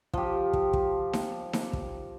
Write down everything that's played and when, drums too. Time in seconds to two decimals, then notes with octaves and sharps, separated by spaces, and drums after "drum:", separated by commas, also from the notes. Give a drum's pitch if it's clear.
0.14 F3 G4, drum: kick
0.53 drum: kick
0.73 drum: kick
1.13 drum: snare D#4
1.53 drum: snare D#4
1.73 drum: kick